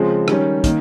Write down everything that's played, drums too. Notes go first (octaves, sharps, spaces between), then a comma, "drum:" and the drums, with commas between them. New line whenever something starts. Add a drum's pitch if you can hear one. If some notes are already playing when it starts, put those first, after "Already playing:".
Already playing: C#3 F3 G#3 C4
D#3 G3 C#4, drum: rim click
D#3 A#3, drum: kick, hi-hat